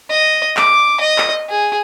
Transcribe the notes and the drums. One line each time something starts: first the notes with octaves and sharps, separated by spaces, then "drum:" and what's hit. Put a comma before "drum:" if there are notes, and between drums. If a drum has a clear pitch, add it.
D#5
D6, drum: clap
D#5
drum: clap
G#4